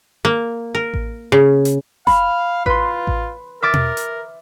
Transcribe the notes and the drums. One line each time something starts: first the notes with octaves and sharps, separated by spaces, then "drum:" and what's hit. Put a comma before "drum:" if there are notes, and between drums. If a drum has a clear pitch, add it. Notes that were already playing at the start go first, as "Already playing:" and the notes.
A#3
A#4
drum: kick A1
C#3
drum: hi-hat
F5 B5, drum: snare F#1
F4 B4 C6, drum: kick A1
drum: kick A1
A#4 E5 D6 F6 A6
drum: tom B2
drum: hi-hat